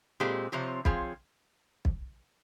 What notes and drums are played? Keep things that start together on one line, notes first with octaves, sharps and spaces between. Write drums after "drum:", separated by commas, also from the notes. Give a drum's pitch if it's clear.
A#2 G#3 C4 G4
C3 F3 C4 G4 C#5
F3 C4 F4 G#4 C#5, drum: kick
drum: kick